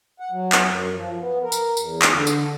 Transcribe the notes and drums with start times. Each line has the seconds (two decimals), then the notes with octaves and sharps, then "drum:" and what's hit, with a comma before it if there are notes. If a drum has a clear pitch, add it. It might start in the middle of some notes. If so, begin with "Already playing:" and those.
0.20 F#5
0.32 F#3
0.52 drum: clap
0.69 F#2
0.94 F3
1.20 B3
1.43 A#4
1.52 drum: tambourine
1.77 E2, drum: tambourine
2.02 drum: clap
2.12 D3
2.27 drum: tambourine